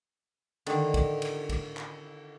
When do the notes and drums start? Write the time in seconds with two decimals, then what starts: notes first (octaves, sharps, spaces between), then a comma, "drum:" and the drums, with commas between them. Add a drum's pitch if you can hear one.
0.66 D3 D#3, drum: cymbal
0.94 drum: kick, cymbal
1.22 drum: cymbal
1.49 drum: kick, cymbal
1.77 drum: clap